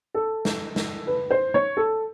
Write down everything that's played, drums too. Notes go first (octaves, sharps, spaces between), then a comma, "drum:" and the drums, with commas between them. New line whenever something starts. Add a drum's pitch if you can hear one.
A4
drum: snare
drum: snare
B4
C5
C#5
A4